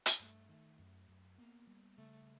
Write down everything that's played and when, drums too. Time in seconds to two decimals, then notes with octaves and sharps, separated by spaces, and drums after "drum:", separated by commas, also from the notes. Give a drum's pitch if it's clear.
0.06 drum: hi-hat
0.20 G2 A3
0.49 D#3
0.79 F#2
1.09 F#2
1.38 A#3 B3
1.67 G3
1.97 C#3 A3